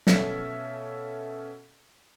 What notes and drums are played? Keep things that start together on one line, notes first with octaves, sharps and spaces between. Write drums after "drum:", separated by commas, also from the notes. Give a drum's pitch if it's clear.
B2 C#4 A4 E5 F5 B6, drum: snare